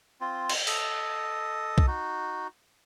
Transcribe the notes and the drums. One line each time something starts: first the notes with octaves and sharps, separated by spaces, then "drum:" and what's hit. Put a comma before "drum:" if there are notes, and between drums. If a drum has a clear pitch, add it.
C4 F4
drum: cymbal
A4 D#5, drum: open hi-hat
drum: kick C2
D#4 F#4